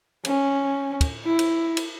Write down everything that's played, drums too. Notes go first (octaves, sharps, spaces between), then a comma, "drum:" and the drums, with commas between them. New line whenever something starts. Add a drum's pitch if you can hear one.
C#4, drum: cymbal
drum: kick, cymbal
E4
drum: cymbal
drum: cymbal